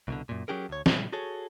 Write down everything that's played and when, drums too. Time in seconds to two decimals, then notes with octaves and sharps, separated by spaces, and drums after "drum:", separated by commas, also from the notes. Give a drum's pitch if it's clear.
0.08 C2 B2 D3
0.29 F#2 A#2
0.48 F#3 C#4 D4 G4 G#4 A#4
0.69 D2 C#5
0.86 A#2 C#3 G3 G#3, drum: snare
1.13 F#4 G#4 A4 C#5